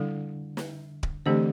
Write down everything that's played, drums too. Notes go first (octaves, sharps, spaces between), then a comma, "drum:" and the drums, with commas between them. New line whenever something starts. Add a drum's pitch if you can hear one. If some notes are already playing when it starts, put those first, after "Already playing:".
Already playing: D3 G3 E4 A4
drum: snare
drum: kick D1
D3 E3 A3 C4 G4 C5